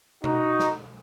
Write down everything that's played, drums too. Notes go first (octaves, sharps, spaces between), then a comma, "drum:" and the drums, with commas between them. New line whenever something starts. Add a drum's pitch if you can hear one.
D#4 F#4, drum: tom B2
drum: snare